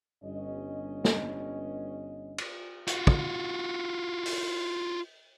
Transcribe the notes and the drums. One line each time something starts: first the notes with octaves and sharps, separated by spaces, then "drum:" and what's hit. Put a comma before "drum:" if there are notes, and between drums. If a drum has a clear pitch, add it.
G1 G2 C#4 D#5
drum: snare
drum: cymbal
F4 F#4, drum: hi-hat
drum: kick
drum: open hi-hat